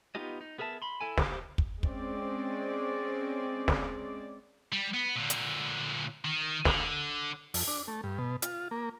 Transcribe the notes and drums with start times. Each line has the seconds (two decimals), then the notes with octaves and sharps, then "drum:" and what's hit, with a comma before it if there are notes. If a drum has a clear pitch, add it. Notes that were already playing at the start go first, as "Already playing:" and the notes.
0.15 B3 D#4 F4 G4 D#5
0.41 D#4
0.58 B3 G#4 A#4 E5 A5
0.82 B5 C6
1.01 E4 A4 G#5
1.18 G4 C5 D6, drum: snare
1.58 drum: kick
1.83 G#3 C4 C#4 D5, drum: kick
3.68 drum: snare
4.72 G3
4.94 B3
5.16 A#2 D3
5.30 drum: hi-hat
6.25 D#3
6.65 D3, drum: snare
7.54 F2, drum: open hi-hat
7.67 D4
7.88 A3
8.04 G2
8.18 B2
8.42 F4, drum: hi-hat
8.71 A#3